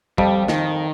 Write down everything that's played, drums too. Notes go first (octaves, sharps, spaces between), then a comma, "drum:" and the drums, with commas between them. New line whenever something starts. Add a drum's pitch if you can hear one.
F2 G3, drum: kick
D#3, drum: snare